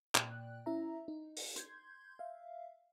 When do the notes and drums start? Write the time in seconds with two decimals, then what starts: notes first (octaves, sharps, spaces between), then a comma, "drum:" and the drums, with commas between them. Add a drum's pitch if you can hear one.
0.15 A#2 D5 G5 F#6, drum: clap
0.66 C#4 E4 E5 A#5
1.08 D#4
1.37 drum: open hi-hat
1.56 C6 G6 G#6, drum: hi-hat
2.19 E5 F5